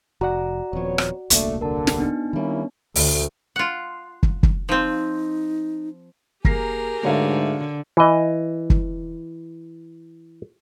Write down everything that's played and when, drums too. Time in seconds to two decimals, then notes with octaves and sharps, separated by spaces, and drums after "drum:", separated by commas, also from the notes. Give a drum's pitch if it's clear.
0.21 F1 F#4 D5 F#5 A#5
0.73 D#1 F3 B3 C4 C#5
0.98 drum: rim click
1.30 D#1 C2 A3 A#3 D4, drum: hi-hat
1.61 D3 A#4 A5
1.87 drum: snare
1.98 B3 D4 D#4
2.33 D#3 G3 A#3 C#4 E4
2.95 D2, drum: open hi-hat
3.56 F4 F#5
4.23 drum: kick
4.43 drum: kick
4.69 F3 C4 D#4
6.45 A#3 G4 G#4 A#4 A#6 C7, drum: kick
7.03 G#2 D3 A3 F#4 C#5 F5
7.97 E3 D#5
8.70 drum: kick